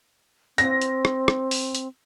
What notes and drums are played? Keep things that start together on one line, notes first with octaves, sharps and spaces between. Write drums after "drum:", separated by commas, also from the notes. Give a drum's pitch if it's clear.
C4 A#6, drum: hi-hat
drum: hi-hat
drum: rim click
drum: rim click
drum: open hi-hat
drum: hi-hat